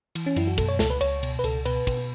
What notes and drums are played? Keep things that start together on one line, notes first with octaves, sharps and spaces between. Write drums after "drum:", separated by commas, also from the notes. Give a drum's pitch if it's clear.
E3, drum: cymbal
C#4
F#2 E4, drum: cymbal
F#4
B2 A4, drum: kick, cymbal
C#5
C#2 A4, drum: snare
B4
C#2 C#5, drum: cymbal
B2, drum: cymbal
B4
C#2 A4, drum: cymbal
B2 B4, drum: cymbal
B2, drum: kick, cymbal